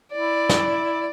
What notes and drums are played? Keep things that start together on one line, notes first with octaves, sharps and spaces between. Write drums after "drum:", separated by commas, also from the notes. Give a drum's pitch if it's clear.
E4 D5
drum: snare